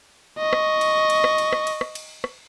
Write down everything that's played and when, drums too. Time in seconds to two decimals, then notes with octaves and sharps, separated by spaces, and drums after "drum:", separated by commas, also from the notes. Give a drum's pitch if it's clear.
0.38 D#5 C#6
0.53 drum: rim click
0.81 drum: cymbal
1.10 drum: cymbal
1.24 drum: rim click
1.38 drum: cymbal
1.53 drum: rim click
1.67 drum: cymbal
1.81 drum: rim click
1.95 drum: cymbal
2.24 drum: rim click